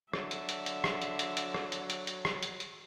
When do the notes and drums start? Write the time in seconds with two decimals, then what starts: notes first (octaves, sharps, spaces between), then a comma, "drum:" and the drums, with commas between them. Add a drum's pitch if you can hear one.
0.13 D3 F#3 E5, drum: rim click
0.31 drum: hi-hat
0.49 drum: hi-hat
0.66 drum: hi-hat
0.84 drum: rim click
1.02 drum: hi-hat
1.19 drum: hi-hat
1.37 drum: hi-hat
1.54 drum: rim click
1.72 drum: hi-hat
1.90 drum: hi-hat
2.07 drum: hi-hat
2.25 drum: rim click
2.43 drum: hi-hat
2.60 drum: hi-hat